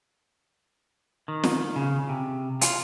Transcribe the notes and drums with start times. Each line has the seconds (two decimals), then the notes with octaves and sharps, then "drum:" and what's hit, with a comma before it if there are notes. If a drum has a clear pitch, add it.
1.28 D#3
1.44 drum: snare
1.76 C#3
2.09 C3
2.61 F4, drum: hi-hat